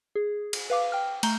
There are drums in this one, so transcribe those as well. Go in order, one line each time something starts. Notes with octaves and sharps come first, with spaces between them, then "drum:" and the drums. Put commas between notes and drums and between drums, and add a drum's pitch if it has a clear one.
G#4
drum: cymbal
B4 F5 D6
G5 F6
A3 A#5 G6 G7, drum: cymbal